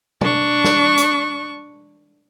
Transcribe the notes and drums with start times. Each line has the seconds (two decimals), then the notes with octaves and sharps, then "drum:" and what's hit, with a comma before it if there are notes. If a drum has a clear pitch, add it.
0.21 D4 C#6, drum: tom
0.64 drum: snare
0.98 drum: hi-hat